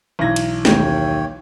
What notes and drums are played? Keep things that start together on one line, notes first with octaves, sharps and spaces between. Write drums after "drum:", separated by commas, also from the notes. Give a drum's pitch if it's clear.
B1 E3 G#6 A#6
drum: cymbal
D#2 C#5 G5, drum: snare